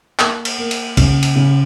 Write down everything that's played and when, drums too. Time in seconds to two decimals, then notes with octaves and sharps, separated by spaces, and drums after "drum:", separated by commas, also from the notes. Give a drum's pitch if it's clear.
0.19 A#3, drum: clap
0.45 drum: cymbal
0.58 A#3
0.71 drum: cymbal
0.97 C#3, drum: kick, cymbal
1.23 drum: cymbal
1.36 C#3